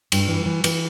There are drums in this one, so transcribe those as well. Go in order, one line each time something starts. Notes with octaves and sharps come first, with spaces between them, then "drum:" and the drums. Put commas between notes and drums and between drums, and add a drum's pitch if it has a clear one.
G2, drum: cymbal
E3
E3
E3, drum: cymbal